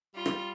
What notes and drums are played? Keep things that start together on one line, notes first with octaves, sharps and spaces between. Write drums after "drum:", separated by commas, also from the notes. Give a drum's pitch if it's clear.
G3 F4
drum: rim click